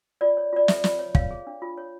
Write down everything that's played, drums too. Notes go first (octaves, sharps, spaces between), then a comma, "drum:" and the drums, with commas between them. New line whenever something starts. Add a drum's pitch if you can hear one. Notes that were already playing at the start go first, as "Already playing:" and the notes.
F4 D5
C#5
F4 D5
A4 E5, drum: snare
F4, drum: snare
C#5
C#5 F5, drum: kick
G#4
D4
F4
C#5